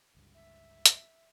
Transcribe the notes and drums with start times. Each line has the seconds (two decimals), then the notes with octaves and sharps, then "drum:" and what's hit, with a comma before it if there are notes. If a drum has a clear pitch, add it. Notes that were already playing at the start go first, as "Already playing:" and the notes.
0.15 G1 C#2 G2
0.34 E5
0.86 drum: hi-hat